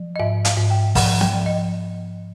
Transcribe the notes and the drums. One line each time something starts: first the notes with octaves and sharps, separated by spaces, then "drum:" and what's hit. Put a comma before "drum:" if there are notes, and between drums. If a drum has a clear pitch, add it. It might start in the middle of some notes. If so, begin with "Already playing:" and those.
Already playing: F3
D#5
G#2 E5
F5, drum: hi-hat
G#2
G5
F3 F#5, drum: kick, open hi-hat
G5, drum: snare B3
F3
D#5